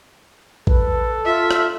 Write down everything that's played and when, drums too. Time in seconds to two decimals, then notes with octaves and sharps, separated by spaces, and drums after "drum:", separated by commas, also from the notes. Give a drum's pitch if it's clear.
0.67 A4 B4, drum: kick
1.25 F4 E5
1.51 drum: rim click